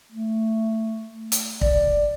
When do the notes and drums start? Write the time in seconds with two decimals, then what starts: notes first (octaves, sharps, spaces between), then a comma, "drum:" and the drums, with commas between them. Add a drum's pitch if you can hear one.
0.12 A3
1.32 drum: hi-hat
1.61 D5, drum: kick